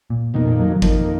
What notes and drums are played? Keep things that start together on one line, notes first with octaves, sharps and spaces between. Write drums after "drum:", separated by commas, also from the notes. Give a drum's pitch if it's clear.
A#2
F2 B2 D#3 A#3
A#2
F#3
F#3
F2 D#3 F3 A#3, drum: kick